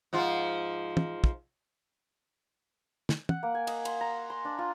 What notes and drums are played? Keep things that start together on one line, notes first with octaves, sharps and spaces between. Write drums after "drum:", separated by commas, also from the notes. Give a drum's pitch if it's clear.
G#2 F3 F4
drum: tom
drum: kick
drum: snare
F#5, drum: tom
A#3
G#5
D#5, drum: cymbal
C6, drum: cymbal
A#5
C6
D4
F4